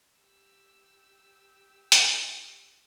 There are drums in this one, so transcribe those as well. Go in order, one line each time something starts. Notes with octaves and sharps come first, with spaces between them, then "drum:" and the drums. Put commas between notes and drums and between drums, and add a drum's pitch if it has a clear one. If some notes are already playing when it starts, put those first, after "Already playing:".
G4 E6
drum: hi-hat